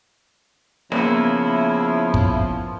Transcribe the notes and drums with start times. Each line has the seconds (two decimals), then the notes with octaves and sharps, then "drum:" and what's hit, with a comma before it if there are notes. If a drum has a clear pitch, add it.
0.92 C#3 F3 A#3 B3 E4, drum: snare
2.14 drum: kick